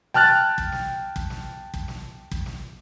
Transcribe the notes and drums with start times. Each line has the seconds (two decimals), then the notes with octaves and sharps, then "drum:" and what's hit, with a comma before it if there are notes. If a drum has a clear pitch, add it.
0.14 G5 A5 F6 F#6 A6, drum: snare
0.58 drum: kick
0.72 drum: snare
1.16 drum: kick
1.30 drum: snare
1.74 drum: kick
1.88 drum: snare
2.31 drum: kick
2.46 drum: snare